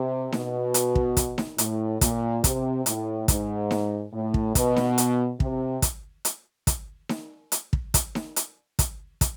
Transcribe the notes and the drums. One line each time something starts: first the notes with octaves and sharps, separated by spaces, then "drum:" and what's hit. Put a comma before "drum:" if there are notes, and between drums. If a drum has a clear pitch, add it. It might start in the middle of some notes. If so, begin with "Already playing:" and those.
Already playing: C3
B2, drum: snare D#4
drum: hi-hat
drum: kick
drum: kick, hi-hat
drum: snare D#4
A2, drum: hi-hat
A#2, drum: kick, hi-hat
C3, drum: kick, hi-hat
A2, drum: hi-hat
G#2, drum: kick, hi-hat
drum: snare D#4
A2
drum: kick
B2, drum: kick, hi-hat
drum: snare D#4
drum: hi-hat
C3, drum: kick
drum: kick, hi-hat
drum: hi-hat
drum: kick, hi-hat
drum: snare D#4
drum: hi-hat
drum: kick
drum: kick, hi-hat
drum: snare D#4
drum: hi-hat
drum: kick, hi-hat
drum: kick, hi-hat